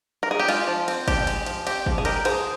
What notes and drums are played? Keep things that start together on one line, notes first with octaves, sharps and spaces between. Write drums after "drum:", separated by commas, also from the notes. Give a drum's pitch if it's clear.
A#4
G#4
G4
G#3 F4, drum: cymbal
F3
C4, drum: cymbal
F3 G4, drum: kick, cymbal
G#3, drum: cymbal
F3, drum: cymbal
C4 G4, drum: cymbal
F3, drum: kick
G#4
G#3 G4 A#4, drum: cymbal
F3 G#4 C5, drum: cymbal